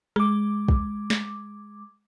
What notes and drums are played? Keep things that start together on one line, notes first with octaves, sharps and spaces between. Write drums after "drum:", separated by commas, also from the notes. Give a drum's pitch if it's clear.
G#3 D6, drum: rim click
drum: kick
drum: snare